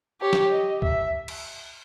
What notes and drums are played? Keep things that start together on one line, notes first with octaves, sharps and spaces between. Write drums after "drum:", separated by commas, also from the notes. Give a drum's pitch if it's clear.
G4 C#5
drum: snare
D#5
E5, drum: kick C#2
drum: cymbal